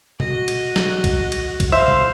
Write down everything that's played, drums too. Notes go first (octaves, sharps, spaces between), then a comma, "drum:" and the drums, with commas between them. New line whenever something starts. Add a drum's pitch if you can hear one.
F#4 D#5, drum: tom B2
drum: cymbal
drum: snare
drum: kick B1, cymbal
drum: cymbal
drum: kick B1, cymbal
C5 E5 F5
drum: tom B2